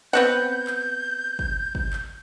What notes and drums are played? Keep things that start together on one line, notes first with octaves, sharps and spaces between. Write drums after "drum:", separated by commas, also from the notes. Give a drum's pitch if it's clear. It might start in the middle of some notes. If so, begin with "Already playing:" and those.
B3 C4 F#5 G6
drum: clap
drum: kick
drum: kick
drum: clap